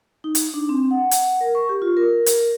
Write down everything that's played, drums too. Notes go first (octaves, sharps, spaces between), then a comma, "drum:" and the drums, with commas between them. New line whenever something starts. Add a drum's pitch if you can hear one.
D#4
drum: hi-hat
D4
C4
F#5
drum: hi-hat
A#4
C#6
G4
F4
A#4
drum: hi-hat